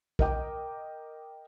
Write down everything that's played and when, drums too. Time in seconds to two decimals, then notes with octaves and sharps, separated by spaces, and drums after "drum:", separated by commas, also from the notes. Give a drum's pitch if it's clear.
0.19 A#4 D#5 G5 D6, drum: kick